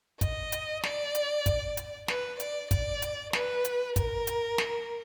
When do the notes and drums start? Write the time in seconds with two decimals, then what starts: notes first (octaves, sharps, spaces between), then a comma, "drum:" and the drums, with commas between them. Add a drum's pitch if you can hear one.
0.21 D#5, drum: kick, hi-hat
0.52 drum: hi-hat
0.84 D5, drum: snare
1.15 drum: hi-hat
1.46 drum: kick, hi-hat
1.77 drum: hi-hat
2.08 B4, drum: snare
2.40 D5, drum: hi-hat
2.71 D5, drum: kick, hi-hat
3.02 drum: hi-hat
3.33 B4, drum: snare
3.65 drum: hi-hat
3.96 A#4, drum: kick, hi-hat
4.27 drum: hi-hat
4.58 drum: snare